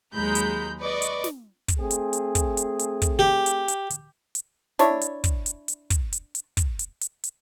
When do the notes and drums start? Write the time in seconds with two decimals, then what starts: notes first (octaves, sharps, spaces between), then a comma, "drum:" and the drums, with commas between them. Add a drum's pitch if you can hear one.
0.14 D#2 F#3 G#3 A#5 B5 G6
0.35 drum: hi-hat
0.79 B4 D5 D#5 C#6
1.02 drum: hi-hat
1.24 drum: snare
1.68 drum: kick, hi-hat
1.79 A3 C4 G#4
1.91 drum: hi-hat
2.13 drum: hi-hat
2.35 drum: kick, hi-hat
2.57 drum: hi-hat
2.79 drum: hi-hat
3.02 drum: kick, hi-hat
3.19 G4
3.46 drum: hi-hat
3.68 drum: hi-hat
3.90 drum: hi-hat
4.35 drum: hi-hat
4.79 D4 E4 C#5, drum: snare
5.01 drum: hi-hat
5.24 drum: kick, hi-hat
5.46 drum: hi-hat
5.68 drum: hi-hat
5.90 drum: kick, hi-hat
6.13 drum: hi-hat
6.35 drum: hi-hat
6.57 drum: kick, hi-hat
6.79 drum: hi-hat
7.01 drum: hi-hat
7.24 drum: hi-hat